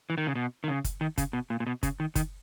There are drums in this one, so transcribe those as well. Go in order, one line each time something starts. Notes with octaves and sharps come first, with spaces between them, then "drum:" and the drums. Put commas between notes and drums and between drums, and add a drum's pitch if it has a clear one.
E3
D#3
C#3
B2
D#3
C#3
drum: kick F#1, hi-hat
D#3
C#3, drum: kick F#1, hi-hat
B2
A#2
A#2
B2
C#3, drum: kick F#1, hi-hat
D#3
D#3, drum: kick F#1, hi-hat